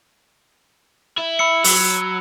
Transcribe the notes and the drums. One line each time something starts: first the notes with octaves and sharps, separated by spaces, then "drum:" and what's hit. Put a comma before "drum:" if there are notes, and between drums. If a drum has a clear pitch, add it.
E4
B5 E6 C#7
F#3, drum: open hi-hat